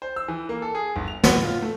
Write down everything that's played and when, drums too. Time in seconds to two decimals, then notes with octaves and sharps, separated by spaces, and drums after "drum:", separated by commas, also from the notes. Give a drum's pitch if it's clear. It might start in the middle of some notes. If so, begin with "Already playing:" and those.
0.02 C5
0.16 E6
0.28 E3
0.49 A#3
0.62 A4
0.75 G#4
0.96 G1
1.08 F7
1.23 F#5, drum: snare
1.42 F4
1.62 A3